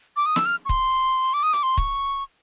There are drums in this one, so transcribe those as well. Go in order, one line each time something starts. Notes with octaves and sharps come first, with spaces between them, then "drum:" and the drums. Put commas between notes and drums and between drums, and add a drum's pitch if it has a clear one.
D6
D#6
E6, drum: snare
F6
C#6
C6, drum: kick C#1
D6
D#6
D6, drum: hi-hat
C6
C#6, drum: kick C#1